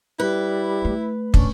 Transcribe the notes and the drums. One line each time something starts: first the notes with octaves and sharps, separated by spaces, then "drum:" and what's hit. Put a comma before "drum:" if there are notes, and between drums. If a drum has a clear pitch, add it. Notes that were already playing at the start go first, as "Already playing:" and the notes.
G3 E4 B4
A3
C#4 D4, drum: kick